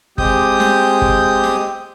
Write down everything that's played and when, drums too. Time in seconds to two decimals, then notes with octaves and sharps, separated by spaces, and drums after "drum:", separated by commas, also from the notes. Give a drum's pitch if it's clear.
0.18 G#3 C4 G4 D#6 G6, drum: kick G1
0.60 drum: snare
1.02 drum: kick G1
1.44 drum: snare